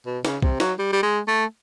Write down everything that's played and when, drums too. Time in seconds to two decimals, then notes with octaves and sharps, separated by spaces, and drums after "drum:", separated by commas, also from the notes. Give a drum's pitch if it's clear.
0.06 B2
0.25 C#3, drum: snare
0.42 C3, drum: kick B1
0.60 F#3, drum: snare
0.79 G3
0.93 G3
1.02 G#3
1.28 A3